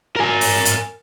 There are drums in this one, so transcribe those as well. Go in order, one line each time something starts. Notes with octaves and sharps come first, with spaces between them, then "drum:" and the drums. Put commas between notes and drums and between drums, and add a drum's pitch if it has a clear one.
A#4 G#5
drum: open hi-hat
drum: hi-hat